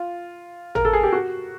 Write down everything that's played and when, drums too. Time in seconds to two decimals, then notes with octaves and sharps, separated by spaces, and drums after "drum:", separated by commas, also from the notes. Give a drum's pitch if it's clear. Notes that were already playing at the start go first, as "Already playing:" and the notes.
Already playing: F4
0.75 A#4, drum: tom G#1
0.85 A4
0.93 G#4
1.03 G4
1.13 F#4